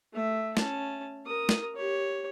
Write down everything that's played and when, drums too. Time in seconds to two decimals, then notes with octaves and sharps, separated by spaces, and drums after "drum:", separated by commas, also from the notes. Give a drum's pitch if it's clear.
0.13 A3 E5
0.57 C#4 A5, drum: snare
1.26 A#4 D#6
1.49 drum: snare
1.76 G4 C#5